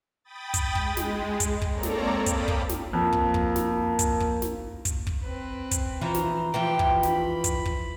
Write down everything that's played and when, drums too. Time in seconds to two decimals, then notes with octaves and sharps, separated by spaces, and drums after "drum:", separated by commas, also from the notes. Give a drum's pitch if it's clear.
0.24 G5 B5 D#6 A6
0.54 drum: kick, hi-hat
0.75 G#3, drum: kick
0.97 drum: snare
1.40 drum: kick, hi-hat
1.62 drum: kick
1.72 A#3 C4 A4 C#5 D5 A#5
1.83 drum: snare
2.26 F5 G5 A5 B5 D6 D#6, drum: kick, hi-hat
2.48 drum: kick
2.69 drum: snare
2.93 F2 A#3
3.13 drum: kick
3.34 drum: kick
3.56 drum: snare
3.99 drum: kick, hi-hat
4.20 drum: kick
4.42 drum: snare
4.85 drum: kick, hi-hat
5.07 drum: kick
5.23 C4 B4
5.71 drum: kick, hi-hat
6.01 E3 F3 C#4 C5 A#5
6.14 drum: snare
6.54 E3 F3 F4 G4 G5
6.79 drum: kick
7.03 B5, drum: snare
7.44 drum: kick, hi-hat
7.65 drum: kick